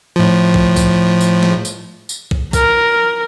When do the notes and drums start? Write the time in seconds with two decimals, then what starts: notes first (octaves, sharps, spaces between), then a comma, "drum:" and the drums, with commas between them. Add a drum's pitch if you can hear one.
0.16 A2 F3
0.54 drum: kick
0.76 drum: kick, tambourine
1.21 drum: tambourine
1.43 drum: snare
1.65 drum: tambourine
2.09 drum: tambourine
2.31 drum: kick
2.53 A#4, drum: kick, tambourine